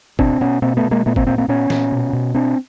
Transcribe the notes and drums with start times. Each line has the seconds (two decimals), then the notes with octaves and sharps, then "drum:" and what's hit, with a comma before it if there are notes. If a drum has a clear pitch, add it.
0.19 B2 C4 D4, drum: kick
0.41 B2 B3 C#4
0.62 B2 A#3 C4
0.77 A3 B3
0.84 B2
0.91 G#3 A#3
1.06 A#2 A3 B3
1.16 A#3 C4, drum: kick
1.27 A#2 A#3 C4
1.38 A#3 C4
1.48 A#2 B3 C#4
1.70 A#2, drum: snare
1.92 B2
2.13 B2
2.34 B2 C4 D4